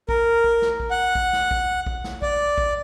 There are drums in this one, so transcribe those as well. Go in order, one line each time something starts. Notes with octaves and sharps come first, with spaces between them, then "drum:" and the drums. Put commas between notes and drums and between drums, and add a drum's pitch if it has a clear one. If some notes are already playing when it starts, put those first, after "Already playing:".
A#4, drum: kick
drum: kick
drum: snare
drum: kick
F#5
drum: kick
drum: snare
drum: kick
drum: kick
drum: snare
D5, drum: kick
drum: kick